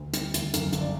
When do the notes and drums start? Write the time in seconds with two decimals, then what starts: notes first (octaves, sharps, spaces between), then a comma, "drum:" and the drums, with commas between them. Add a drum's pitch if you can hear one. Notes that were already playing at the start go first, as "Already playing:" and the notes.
Already playing: D2
0.13 G3, drum: hi-hat
0.34 D2, drum: hi-hat
0.53 F#2, drum: hi-hat
0.72 G1, drum: hi-hat
0.81 D5